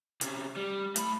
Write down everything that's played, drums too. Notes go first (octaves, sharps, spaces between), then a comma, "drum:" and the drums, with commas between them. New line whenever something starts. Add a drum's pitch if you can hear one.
C3 C#4, drum: hi-hat
G3
A2 B5, drum: hi-hat